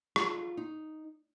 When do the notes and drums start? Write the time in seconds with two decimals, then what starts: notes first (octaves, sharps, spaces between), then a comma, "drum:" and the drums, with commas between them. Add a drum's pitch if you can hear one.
0.16 F4, drum: rim click
0.57 D#4